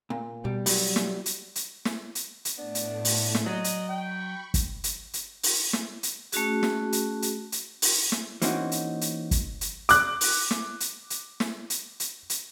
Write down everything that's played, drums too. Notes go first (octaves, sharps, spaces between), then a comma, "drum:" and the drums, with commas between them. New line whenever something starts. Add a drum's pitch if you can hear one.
A#2
B2 G3
F#3 G3, drum: open hi-hat
drum: snare
drum: hi-hat
drum: hi-hat
drum: snare
drum: hi-hat
drum: hi-hat
A2 A3 B3 D4
drum: hi-hat
drum: open hi-hat
drum: snare
F#3 D5 D#5
drum: hi-hat
G5 B5 C#6
drum: kick G1, hi-hat
drum: hi-hat
drum: hi-hat
drum: open hi-hat
drum: snare
drum: hi-hat
A3 C#4 F#4 G#4, drum: hi-hat
drum: snare
drum: hi-hat
drum: hi-hat
drum: hi-hat
drum: open hi-hat
drum: snare
E3 A#3 C4 C#4 D#4 F#4, drum: hi-hat
drum: hi-hat
drum: hi-hat
drum: kick G1, hi-hat
drum: hi-hat
D6 F#6, drum: hi-hat
drum: open hi-hat
drum: snare
drum: hi-hat
drum: hi-hat
drum: snare
drum: hi-hat
drum: hi-hat
drum: hi-hat